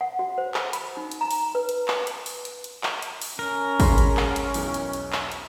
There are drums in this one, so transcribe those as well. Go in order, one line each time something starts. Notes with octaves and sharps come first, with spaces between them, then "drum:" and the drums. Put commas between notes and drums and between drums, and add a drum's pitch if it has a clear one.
F#5
F#4
C5
drum: clap
B5, drum: hi-hat
D#4
drum: hi-hat
A#5
drum: open hi-hat
B4
drum: hi-hat
drum: clap
drum: hi-hat
drum: open hi-hat
drum: hi-hat
drum: hi-hat
drum: clap
drum: hi-hat
drum: open hi-hat
C#4 A#4
G#3 B5 C6, drum: kick, open hi-hat
drum: hi-hat
drum: clap
drum: hi-hat
B1 E2, drum: open hi-hat
drum: hi-hat
drum: hi-hat
drum: clap
drum: hi-hat